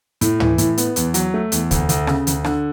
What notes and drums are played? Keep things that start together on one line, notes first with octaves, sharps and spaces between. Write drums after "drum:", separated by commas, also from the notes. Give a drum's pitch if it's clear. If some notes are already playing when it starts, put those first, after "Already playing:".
A2, drum: hi-hat
E3, drum: tom
A2, drum: hi-hat
B3, drum: hi-hat
E2, drum: hi-hat
F#3, drum: hi-hat
A3
E2, drum: hi-hat
D2, drum: kick, hi-hat
D2, drum: hi-hat
C#3, drum: rim click
D2, drum: hi-hat
D3, drum: rim click